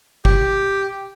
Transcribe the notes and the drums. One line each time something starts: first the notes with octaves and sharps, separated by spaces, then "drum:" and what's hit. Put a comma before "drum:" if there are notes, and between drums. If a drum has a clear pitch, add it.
G4, drum: kick G1